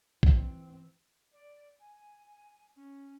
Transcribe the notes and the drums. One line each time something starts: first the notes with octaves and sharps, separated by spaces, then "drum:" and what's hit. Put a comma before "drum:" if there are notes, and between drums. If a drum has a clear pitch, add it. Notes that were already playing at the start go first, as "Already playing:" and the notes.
E3 C4, drum: kick A#1
D5
G#5
C#4